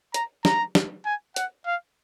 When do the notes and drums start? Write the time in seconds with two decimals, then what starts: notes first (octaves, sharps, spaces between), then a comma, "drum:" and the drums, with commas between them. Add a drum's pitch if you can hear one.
0.14 A#5, drum: hi-hat
0.45 A#5, drum: snare
0.75 drum: snare
1.05 G#5
1.36 F#5, drum: hi-hat
1.67 F5